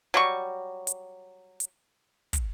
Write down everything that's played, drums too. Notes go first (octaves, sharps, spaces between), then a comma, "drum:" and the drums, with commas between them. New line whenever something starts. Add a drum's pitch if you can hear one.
F#3 G3 C#6
drum: hi-hat
drum: hi-hat
drum: kick, hi-hat